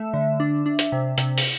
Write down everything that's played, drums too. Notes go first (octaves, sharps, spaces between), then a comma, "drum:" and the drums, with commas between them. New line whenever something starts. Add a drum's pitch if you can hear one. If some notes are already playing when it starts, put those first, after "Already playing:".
Already playing: A3 E5
D3
D4
D4
drum: hi-hat
C3
C3, drum: hi-hat
drum: open hi-hat